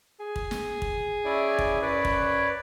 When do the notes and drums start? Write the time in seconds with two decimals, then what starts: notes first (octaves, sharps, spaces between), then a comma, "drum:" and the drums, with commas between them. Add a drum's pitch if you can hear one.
0.20 G#4
0.36 drum: kick
0.51 drum: snare
0.82 drum: kick
1.25 C#4 E4 D5
1.59 drum: kick
1.82 F#2 B4 C#5 D5
2.05 drum: kick